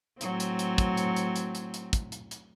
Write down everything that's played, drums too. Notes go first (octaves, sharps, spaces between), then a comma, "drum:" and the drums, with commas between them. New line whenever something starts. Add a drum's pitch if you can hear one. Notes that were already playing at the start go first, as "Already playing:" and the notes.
A2 F#3 C4, drum: hi-hat
drum: hi-hat
drum: hi-hat
drum: kick, hi-hat
drum: hi-hat
drum: hi-hat
drum: hi-hat
drum: hi-hat
drum: hi-hat
drum: kick, hi-hat
drum: hi-hat
drum: hi-hat